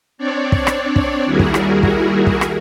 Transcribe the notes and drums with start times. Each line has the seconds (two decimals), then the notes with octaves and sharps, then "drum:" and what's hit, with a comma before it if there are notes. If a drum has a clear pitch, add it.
0.18 C4 D4 C#5 D5
0.52 drum: kick
0.67 drum: rim click
0.96 drum: kick
1.25 D#2 G3 E4 F#4 G#4 A#4
1.39 drum: kick
1.54 drum: rim click
1.83 drum: kick
2.27 drum: kick
2.41 drum: rim click